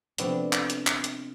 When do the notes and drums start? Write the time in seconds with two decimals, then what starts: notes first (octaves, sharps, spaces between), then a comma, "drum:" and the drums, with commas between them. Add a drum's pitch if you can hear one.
0.18 C3 F3 A3 B3 C4 D4, drum: hi-hat
0.53 drum: clap
0.70 drum: hi-hat
0.87 drum: clap
1.04 drum: hi-hat